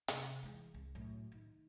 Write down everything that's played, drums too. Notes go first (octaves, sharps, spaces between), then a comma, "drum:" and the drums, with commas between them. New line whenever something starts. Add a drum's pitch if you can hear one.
C3, drum: hi-hat
E3 G#3
C2
F#2 A2
D#3